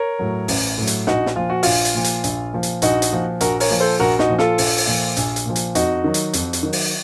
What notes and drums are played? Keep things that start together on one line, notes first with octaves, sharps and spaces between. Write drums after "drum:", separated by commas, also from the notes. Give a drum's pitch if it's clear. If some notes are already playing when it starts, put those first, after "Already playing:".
Already playing: A#4 C#5
A2 F#3
A1, drum: open hi-hat
A2 F#3
drum: hi-hat
A#1 D#4 F#4, drum: snare
drum: snare
A#2 F3 F4
F#4
A#1 F4, drum: open hi-hat
drum: hi-hat
A#2 F3
drum: hi-hat
A#1, drum: hi-hat
A#2 F3
drum: hi-hat
A#1 D#4 F#4, drum: hi-hat
drum: hi-hat
A#2 F3
A#1 F#4 A#4, drum: hi-hat
A#4 C#5, drum: open hi-hat
A#2 F3
A4 C5
A#1 F#4 A#4
D#4 F#4, drum: snare
A#2 F3
F4 A4, drum: snare
A#1, drum: open hi-hat
drum: open hi-hat
A#2 F3
A#1, drum: hi-hat
drum: hi-hat
A#2 F3
drum: hi-hat
F2 D#4 F#4, drum: hi-hat
D#3 F#3
drum: hi-hat
F2, drum: hi-hat
drum: hi-hat
D#3 F#3
drum: open hi-hat